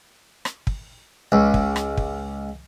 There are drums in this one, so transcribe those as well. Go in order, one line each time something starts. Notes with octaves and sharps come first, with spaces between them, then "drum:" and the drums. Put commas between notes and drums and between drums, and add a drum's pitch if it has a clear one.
drum: rim click
drum: kick
C#2
drum: kick
drum: rim click
drum: kick